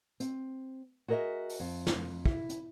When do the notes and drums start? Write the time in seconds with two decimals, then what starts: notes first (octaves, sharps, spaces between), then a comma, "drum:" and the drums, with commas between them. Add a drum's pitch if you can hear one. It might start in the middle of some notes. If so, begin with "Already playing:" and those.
0.20 C4, drum: hi-hat
1.08 F#4 G#4 A#4 C5 D#5 E5
1.49 drum: open hi-hat
1.60 F2
1.87 drum: snare
2.26 E4, drum: kick
2.49 drum: hi-hat